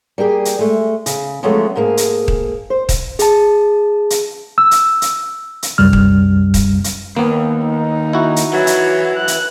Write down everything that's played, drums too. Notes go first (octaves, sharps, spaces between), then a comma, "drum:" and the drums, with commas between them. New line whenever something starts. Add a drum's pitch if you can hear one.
G3 A#3 G4 G#4
drum: hi-hat
G#3 A3
C#3, drum: hi-hat
F3 F#3 G#3 A3 B3 C#4
G#2 A3 A#3 G#4
drum: hi-hat
drum: kick D#1
C5
drum: kick D#1, hi-hat
G#4 A5, drum: hi-hat
drum: hi-hat
E6
drum: hi-hat
drum: hi-hat
drum: hi-hat
C2 F#2 G3 F6
drum: kick D#1
drum: kick D#1, hi-hat
drum: hi-hat
D#2 A#3 B3
D#4
E4 F#4
drum: hi-hat
F#3 B4 E5
drum: hi-hat
F#6
drum: hi-hat